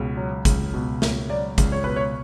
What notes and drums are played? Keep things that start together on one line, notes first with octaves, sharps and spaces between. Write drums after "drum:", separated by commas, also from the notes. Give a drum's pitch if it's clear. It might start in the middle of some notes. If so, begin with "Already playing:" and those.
Already playing: C#2 B2
F#3
C#2, drum: kick G#1, hi-hat
B2
C#2, drum: snare
F#3 D5
C#2, drum: kick G#1, hi-hat
C#5
B2 B4
C#5